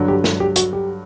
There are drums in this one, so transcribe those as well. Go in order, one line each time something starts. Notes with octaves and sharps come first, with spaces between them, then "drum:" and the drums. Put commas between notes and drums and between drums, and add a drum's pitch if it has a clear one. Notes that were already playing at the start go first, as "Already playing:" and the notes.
Already playing: G2 D3 F#3
G4
drum: snare
G4
F#4, drum: hi-hat
G4